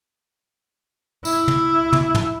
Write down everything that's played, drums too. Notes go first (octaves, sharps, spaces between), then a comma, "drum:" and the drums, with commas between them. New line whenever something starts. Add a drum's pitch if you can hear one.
E4, drum: tambourine
drum: tom
drum: tom
drum: tom